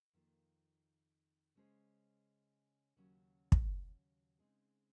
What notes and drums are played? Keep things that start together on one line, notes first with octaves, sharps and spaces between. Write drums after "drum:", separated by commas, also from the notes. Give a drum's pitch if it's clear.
F2 D#3 A#3 F4
C#3 G#3 C#4 G#4 C5
D#2 C#3 F#3 C#4
drum: kick
C#3 G#3 C4 D#4 G#4